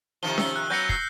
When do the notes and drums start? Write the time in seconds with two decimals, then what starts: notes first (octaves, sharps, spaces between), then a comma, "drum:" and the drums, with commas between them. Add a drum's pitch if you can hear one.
0.23 C3 D#3 F3 G7
0.38 E6 G7, drum: snare C#4
0.56 F#6
0.70 F#3 B3 C#4 G6 A#6 C#7
0.89 C7, drum: kick